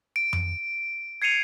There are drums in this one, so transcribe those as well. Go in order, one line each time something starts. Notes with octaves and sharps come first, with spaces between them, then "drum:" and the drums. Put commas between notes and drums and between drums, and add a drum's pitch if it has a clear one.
D7
drum: tom F2
G#6 C7 C#7 D#7 F7